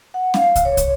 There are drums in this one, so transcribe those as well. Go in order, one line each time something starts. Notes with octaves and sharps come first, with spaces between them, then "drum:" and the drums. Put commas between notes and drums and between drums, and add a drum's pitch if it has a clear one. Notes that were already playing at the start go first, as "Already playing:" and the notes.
F#5
F5, drum: snare C#4
drum: kick, hi-hat
C#5
drum: kick, hi-hat